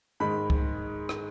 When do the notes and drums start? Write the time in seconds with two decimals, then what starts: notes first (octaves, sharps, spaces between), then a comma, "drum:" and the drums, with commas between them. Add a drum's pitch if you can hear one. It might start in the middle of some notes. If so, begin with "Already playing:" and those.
0.20 G#2 D#3 G#3 B5
0.50 drum: kick C#2
1.09 drum: rim click